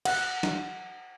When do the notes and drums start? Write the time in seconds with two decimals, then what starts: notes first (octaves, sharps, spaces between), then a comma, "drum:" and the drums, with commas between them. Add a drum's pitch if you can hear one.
0.05 F#5, drum: cymbal
0.43 drum: snare